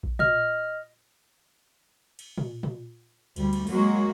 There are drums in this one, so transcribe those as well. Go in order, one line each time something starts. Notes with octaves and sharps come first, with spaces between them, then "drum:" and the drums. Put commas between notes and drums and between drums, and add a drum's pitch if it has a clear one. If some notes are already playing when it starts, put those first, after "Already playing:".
drum: kick A#1
D#5 F6, drum: tom A#2
drum: cymbal
drum: tom A#2
drum: tom A#2
D2 G3, drum: cymbal
drum: cymbal
F#3 G#3 A#3 F#4, drum: cymbal